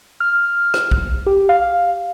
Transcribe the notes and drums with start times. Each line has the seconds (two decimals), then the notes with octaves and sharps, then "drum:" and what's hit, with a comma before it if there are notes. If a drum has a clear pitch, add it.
0.20 F6
0.74 drum: rim click
0.91 drum: kick B1
1.26 G4
1.49 F5